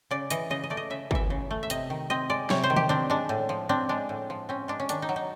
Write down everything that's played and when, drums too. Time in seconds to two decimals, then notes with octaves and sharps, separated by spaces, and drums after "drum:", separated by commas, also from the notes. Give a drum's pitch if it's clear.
0.11 C#3 D5
0.30 E3 D#5, drum: hi-hat
0.50 C#3 D#5
0.63 D#5
0.70 A3 D5
0.77 D#5
0.90 C#3 E5
1.11 E3 E5, drum: kick
1.30 C#3
1.51 A3
1.63 E5
1.70 C3 D#5, drum: hi-hat
1.90 D#3
2.10 C4 D#5
2.30 G#3 D5
2.50 C3 C#5, drum: snare
2.63 C5
2.70 D#3
2.76 G4, drum: tom D3
2.89 C4 D4
3.10 G#3 D4
3.29 A2
3.49 F3
3.69 C4 D4
3.89 G#3 D4
4.09 A2
4.30 F3
4.49 C4 C#4
4.68 G#3 D4
4.80 C#4
4.89 D#3 D4, drum: hi-hat
5.02 D#4
5.09 F#3
5.16 D#4